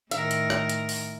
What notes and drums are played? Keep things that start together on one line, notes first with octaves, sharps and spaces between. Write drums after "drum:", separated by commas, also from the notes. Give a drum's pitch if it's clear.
A2 D#3 A#4 E5, drum: hi-hat
drum: hi-hat
drum: rim click
drum: hi-hat
drum: open hi-hat